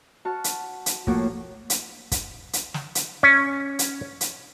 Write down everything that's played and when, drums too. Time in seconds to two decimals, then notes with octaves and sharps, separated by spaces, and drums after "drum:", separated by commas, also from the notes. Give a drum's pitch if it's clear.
0.25 F#4 A5 C#6 F6
0.44 drum: hi-hat
0.86 drum: hi-hat
1.07 A2 F3 A#3 F#4 C#5, drum: kick
1.70 drum: hi-hat
2.12 drum: kick, hi-hat
2.53 drum: hi-hat
2.74 drum: snare
2.95 drum: hi-hat
3.23 C#4
3.79 drum: hi-hat
4.21 drum: hi-hat